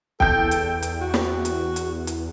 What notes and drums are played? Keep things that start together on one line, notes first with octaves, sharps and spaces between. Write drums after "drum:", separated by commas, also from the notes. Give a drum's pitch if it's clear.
E2 A4 G5 G6, drum: kick
drum: hi-hat
drum: hi-hat
F#4
drum: snare
drum: hi-hat
drum: hi-hat
drum: hi-hat